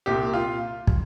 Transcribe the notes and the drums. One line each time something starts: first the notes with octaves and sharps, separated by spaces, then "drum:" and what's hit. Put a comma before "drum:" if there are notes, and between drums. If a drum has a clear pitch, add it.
C2 A#2 G4
F4
drum: kick